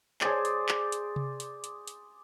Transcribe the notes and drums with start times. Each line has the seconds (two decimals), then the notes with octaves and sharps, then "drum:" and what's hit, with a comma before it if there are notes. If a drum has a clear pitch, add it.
0.21 G#4 C5 D5, drum: clap
0.45 drum: hi-hat
0.69 drum: clap
0.92 drum: hi-hat
1.16 drum: tom C3
1.40 drum: hi-hat
1.64 drum: hi-hat
1.88 drum: hi-hat